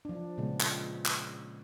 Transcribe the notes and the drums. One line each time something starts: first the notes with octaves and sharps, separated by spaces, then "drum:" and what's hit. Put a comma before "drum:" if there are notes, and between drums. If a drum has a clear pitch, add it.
F3 D4
A#2 C#3 G#3 B3
drum: clap
drum: clap